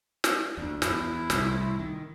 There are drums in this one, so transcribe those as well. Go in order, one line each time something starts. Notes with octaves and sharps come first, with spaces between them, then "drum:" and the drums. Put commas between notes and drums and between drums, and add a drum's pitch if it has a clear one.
drum: snare
D2 D4
E2 E4, drum: snare
C2 A2, drum: snare
D#3